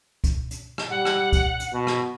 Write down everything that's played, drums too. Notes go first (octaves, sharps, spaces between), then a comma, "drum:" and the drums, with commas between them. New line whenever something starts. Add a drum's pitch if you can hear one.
drum: kick, hi-hat
drum: hi-hat
drum: rim click
G3 F#5
drum: rim click
drum: kick, hi-hat
drum: hi-hat
B2
drum: rim click